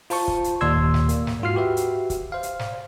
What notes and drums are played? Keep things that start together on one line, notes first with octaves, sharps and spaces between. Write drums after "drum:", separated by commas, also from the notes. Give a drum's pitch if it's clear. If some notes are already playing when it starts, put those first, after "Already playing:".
F4 C5 A5 C#6, drum: open hi-hat
drum: kick
drum: hi-hat
D#2 A#2 D5 C6 E6 G#6
drum: kick
drum: snare
A#3, drum: hi-hat
drum: snare
G#2 G#3 F4 F#4 F6 C7
F#4 G4 B4 E5
drum: hi-hat
drum: kick, hi-hat
C5 F5
drum: hi-hat
drum: snare